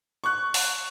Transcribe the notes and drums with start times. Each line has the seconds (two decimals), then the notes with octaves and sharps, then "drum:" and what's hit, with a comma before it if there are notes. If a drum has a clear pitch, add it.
0.24 C#6 F#6
0.54 drum: open hi-hat